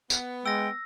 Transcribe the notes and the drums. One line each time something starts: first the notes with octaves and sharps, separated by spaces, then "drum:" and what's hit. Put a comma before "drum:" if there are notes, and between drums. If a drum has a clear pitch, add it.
B3, drum: tambourine
G#3 G5 E6 A#6